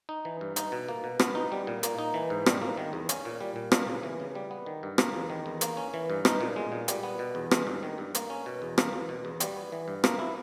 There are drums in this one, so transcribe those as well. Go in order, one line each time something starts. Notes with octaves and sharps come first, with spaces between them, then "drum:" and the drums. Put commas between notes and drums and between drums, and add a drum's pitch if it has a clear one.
D#4
E3
G2
D#4, drum: hi-hat
B2
A#3
B2
B3, drum: rim click
D#4
G3
A#2
A#3, drum: hi-hat
D#4
E3
G#2
G3, drum: rim click
A#3
D#3
E2
C#4, drum: hi-hat
A#2
G3
A#2
A#3, drum: rim click
C#3
E3
C#3
G3
B3
D#3
G2
A#3, drum: rim click
E2
D#3
E2
A#3, drum: hi-hat
C#4
E3
G2
D#4, drum: rim click
A#2
G#3
A#2
G3, drum: hi-hat
B3
B2
E2
G#3, drum: rim click
G2
D#3
G2
A#3, drum: hi-hat
C#4
B2
E2
A#3, drum: rim click
E2
B2
E2
G3, drum: hi-hat
B3
E3
G2
A#3, drum: rim click
E4